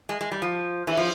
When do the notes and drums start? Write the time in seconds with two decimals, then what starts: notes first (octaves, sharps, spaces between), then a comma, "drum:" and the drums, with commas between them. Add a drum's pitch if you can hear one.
0.09 G#3
0.21 G#3
0.31 G3
0.42 F3
0.87 E3, drum: cymbal
0.97 F3